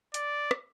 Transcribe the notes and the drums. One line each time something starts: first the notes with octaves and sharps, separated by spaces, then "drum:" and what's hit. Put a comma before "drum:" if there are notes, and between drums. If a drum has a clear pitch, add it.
D5, drum: hi-hat
drum: rim click